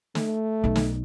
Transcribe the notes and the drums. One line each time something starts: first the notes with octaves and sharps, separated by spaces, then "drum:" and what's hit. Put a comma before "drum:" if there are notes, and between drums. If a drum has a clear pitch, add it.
A3, drum: snare
B1 D#4
drum: snare